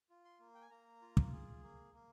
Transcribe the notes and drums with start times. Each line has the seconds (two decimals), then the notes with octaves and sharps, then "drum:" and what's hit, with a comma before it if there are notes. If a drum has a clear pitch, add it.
0.10 F4
0.25 C6
0.39 A#3
0.55 G5
0.62 G#5
0.70 A#3 A#5
1.02 F4
1.17 drum: kick
1.32 G#4
1.63 A#3
1.93 A#3